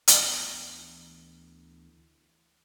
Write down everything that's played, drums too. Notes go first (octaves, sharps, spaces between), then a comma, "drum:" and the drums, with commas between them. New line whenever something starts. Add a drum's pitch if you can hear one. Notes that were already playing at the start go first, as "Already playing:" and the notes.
D2 E3 B3, drum: hi-hat